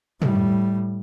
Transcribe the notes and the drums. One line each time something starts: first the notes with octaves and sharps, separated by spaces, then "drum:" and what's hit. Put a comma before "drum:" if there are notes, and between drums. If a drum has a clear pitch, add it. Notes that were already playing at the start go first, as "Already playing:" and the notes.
A2 G3, drum: tom